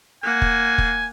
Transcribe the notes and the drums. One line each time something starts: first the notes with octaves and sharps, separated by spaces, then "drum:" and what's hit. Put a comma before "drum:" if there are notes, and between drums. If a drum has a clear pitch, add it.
A#3 F#5 G#5
drum: kick
drum: kick